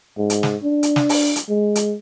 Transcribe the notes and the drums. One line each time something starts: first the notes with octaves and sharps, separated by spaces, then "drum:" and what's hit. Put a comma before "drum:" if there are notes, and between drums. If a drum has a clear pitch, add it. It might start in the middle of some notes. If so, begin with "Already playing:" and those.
G#2
drum: hi-hat
drum: snare
D4
drum: hi-hat
drum: snare
drum: open hi-hat
drum: hi-hat
G#3
drum: hi-hat